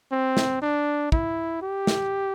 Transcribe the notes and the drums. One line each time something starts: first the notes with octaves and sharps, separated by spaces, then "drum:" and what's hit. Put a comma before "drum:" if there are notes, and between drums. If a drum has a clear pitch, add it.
C4
drum: snare
D4
E4, drum: kick
G4
drum: snare